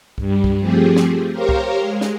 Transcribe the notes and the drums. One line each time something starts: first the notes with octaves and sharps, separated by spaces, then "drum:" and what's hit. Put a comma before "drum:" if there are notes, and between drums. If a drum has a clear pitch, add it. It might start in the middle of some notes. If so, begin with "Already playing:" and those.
G2 G3, drum: kick C2
drum: kick C2
F3 A3 C4 G4 G#4
drum: snare
G4 A#4 C5 C#5 F5 A#5
drum: kick C2
G#3
drum: snare